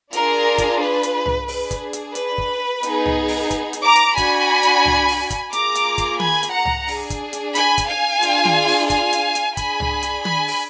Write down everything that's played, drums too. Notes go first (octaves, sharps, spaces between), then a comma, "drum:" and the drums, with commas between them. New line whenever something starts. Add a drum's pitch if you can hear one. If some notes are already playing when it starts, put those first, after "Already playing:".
D4 F4 G#4 A#4, drum: hi-hat
drum: kick, hi-hat
B4
drum: hi-hat
drum: tom C2
D4 G#4 B4, drum: open hi-hat
drum: kick, hi-hat
drum: hi-hat
B4, drum: hi-hat
drum: kick
B3 D#4 G#4, drum: hi-hat
drum: tom C2
drum: open hi-hat
drum: kick, hi-hat
drum: hi-hat
A#5 D6
drum: hi-hat
D4 F#4 G#5 B5, drum: kick, hi-hat
drum: hi-hat
drum: tom C2
drum: open hi-hat
drum: kick, hi-hat
A#3 F4 G#4 A#5 D6, drum: hi-hat
drum: hi-hat
drum: kick, hi-hat
G#5 B5, drum: tom
drum: hi-hat
F#5 A#5
drum: tom C2
D4 G#4, drum: open hi-hat
drum: kick, hi-hat
drum: hi-hat
G#5 B5, drum: hi-hat
drum: kick, hi-hat
F5 G#5
D4 F4 G#4, drum: hi-hat
drum: tom
drum: open hi-hat
F5 G#5, drum: kick, hi-hat
drum: hi-hat
drum: hi-hat
D4 G#4 G#5 B5, drum: kick, hi-hat
drum: tom C2
drum: hi-hat
G#5 B5, drum: tom
drum: open hi-hat